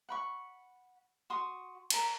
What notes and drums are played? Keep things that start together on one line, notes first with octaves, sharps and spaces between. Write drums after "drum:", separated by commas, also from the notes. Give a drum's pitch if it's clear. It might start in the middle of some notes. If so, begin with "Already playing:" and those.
F#5 B5 C#6
F#4 C6 D#6
A#4 A5, drum: cymbal